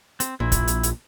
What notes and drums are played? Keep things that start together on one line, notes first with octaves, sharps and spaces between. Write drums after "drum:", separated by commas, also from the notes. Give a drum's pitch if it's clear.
C4, drum: hi-hat
A#1 A#2 E4
drum: kick, hi-hat
drum: hi-hat
drum: hi-hat